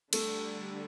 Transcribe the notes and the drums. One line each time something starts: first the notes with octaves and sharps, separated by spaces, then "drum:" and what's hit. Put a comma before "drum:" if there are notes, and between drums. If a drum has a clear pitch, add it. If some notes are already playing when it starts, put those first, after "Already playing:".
D3 G3 A3 D4, drum: cymbal